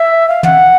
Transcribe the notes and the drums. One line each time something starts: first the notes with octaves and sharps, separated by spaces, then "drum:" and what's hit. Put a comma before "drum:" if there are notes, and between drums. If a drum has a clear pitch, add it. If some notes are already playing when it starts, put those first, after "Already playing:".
Already playing: E5
F5
F#5, drum: tom